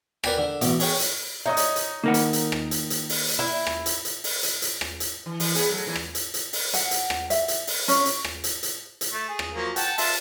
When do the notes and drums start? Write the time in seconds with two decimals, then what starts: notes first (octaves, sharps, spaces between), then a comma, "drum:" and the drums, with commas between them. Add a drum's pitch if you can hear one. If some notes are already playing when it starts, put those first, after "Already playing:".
0.24 A#4 B4 D5 G5 G#5 B5, drum: rim click
0.38 D3
0.61 A1 B2 D6, drum: hi-hat
0.80 G#4 C#5 G5, drum: open hi-hat
0.99 drum: hi-hat
1.46 D#4 C#5 D#5 D#6
1.57 drum: hi-hat
1.76 drum: hi-hat
2.04 D#3 A#3 A#4 F#5
2.14 drum: hi-hat
2.33 drum: hi-hat
2.52 drum: rim click
2.71 drum: hi-hat
2.90 drum: hi-hat
3.09 drum: open hi-hat
3.28 drum: hi-hat
3.39 E4
3.67 drum: rim click
3.86 drum: hi-hat
4.05 drum: hi-hat
4.24 drum: open hi-hat
4.43 drum: hi-hat
4.62 drum: hi-hat
4.81 drum: rim click
5.00 drum: hi-hat
5.26 E3
5.40 E3, drum: open hi-hat
5.55 B3 G#4, drum: hi-hat
5.70 F#3 A3
5.86 A#2 E3 A#3
5.96 drum: rim click
6.15 drum: hi-hat
6.34 drum: hi-hat
6.53 drum: open hi-hat
6.74 F#5, drum: hi-hat
6.91 drum: hi-hat
7.10 drum: rim click
7.30 E5, drum: hi-hat
7.48 drum: hi-hat
7.67 drum: open hi-hat
7.88 C#4, drum: hi-hat
8.05 drum: hi-hat
8.25 drum: rim click
8.44 drum: hi-hat
8.63 drum: hi-hat
9.01 drum: hi-hat
9.13 A3
9.28 G#4
9.39 drum: rim click
9.55 F3 F#3 A#3
9.76 F#5 G5 A5, drum: hi-hat
9.98 F4 E5 A5, drum: open hi-hat